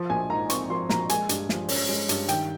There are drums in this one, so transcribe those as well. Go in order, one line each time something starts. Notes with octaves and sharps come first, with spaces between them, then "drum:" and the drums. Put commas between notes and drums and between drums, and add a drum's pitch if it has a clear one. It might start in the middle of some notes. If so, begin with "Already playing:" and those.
Already playing: F3
A#1 G#5
G#2 A#5
C4 C#6, drum: hi-hat
F3 C6
A#1 A#5, drum: snare
G#3 G#5, drum: hi-hat
G2, drum: hi-hat
F3, drum: snare
C#4, drum: open hi-hat
G#3
G2, drum: hi-hat
D#3 G5, drum: hi-hat